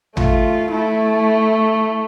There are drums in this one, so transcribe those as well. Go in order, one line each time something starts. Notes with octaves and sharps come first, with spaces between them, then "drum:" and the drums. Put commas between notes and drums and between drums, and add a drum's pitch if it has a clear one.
A3 F4, drum: tom
A3 E4